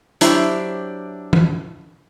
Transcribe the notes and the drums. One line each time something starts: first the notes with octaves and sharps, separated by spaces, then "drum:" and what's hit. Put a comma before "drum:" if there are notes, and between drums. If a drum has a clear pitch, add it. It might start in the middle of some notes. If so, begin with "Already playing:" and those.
F#3 D4 E4 G4 C5, drum: hi-hat
drum: tom E3